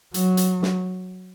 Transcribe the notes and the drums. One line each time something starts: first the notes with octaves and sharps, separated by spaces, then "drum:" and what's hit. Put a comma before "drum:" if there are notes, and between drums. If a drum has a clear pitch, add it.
F#3, drum: hi-hat
drum: hi-hat
drum: snare